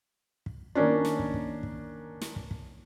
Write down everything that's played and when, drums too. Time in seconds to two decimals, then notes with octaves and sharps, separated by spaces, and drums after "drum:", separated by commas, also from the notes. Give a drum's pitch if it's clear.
0.46 drum: kick
0.75 D#3 A#3 C#4 D4
1.05 drum: snare
1.19 drum: kick
1.34 drum: kick
1.63 drum: kick
2.21 drum: snare
2.36 drum: kick
2.51 drum: kick